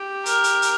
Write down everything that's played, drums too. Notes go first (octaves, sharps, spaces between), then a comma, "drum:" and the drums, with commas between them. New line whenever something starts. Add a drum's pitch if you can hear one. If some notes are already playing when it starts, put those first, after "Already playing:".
Already playing: G4
A#4, drum: hi-hat
drum: hi-hat
drum: hi-hat